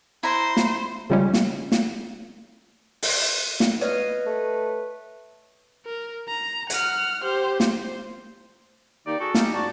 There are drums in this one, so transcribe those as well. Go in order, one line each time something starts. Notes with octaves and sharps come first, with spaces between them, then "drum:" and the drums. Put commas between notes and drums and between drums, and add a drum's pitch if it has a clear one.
E4 C5 A#5
drum: snare
C#3 F3 G3 G#3 C#4
drum: snare
drum: snare
drum: open hi-hat
drum: snare
B4 C#5 D#5 F5
A3
A#4
A#5
F#5 F6, drum: hi-hat
G4 C5
C5, drum: snare
D#3 A#3 D#4 G4 D5
F#4 G#4 A4
C#4 D#4 G4, drum: snare
G#2 F#4 D5 A5